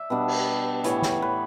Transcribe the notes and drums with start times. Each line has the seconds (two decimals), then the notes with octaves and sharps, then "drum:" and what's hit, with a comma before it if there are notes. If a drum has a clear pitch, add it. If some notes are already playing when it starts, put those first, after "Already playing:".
Already playing: D5 E5
0.10 B2 G3 B3 D4
0.28 drum: cymbal
0.84 A2 E3 G3 C#5, drum: hi-hat
1.02 drum: snare
1.22 B4